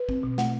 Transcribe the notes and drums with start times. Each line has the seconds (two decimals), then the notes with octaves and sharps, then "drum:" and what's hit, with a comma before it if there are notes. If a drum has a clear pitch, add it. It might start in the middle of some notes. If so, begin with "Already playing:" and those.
Already playing: B4
0.09 C4, drum: kick
0.23 B2
0.38 A3 F#5, drum: snare